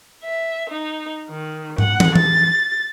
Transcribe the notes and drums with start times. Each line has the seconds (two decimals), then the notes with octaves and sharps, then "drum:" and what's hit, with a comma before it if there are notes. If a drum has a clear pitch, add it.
0.24 E5
0.70 D#4
1.29 D#3
1.78 F#5, drum: tom
2.00 drum: tom
2.15 A6, drum: tom E3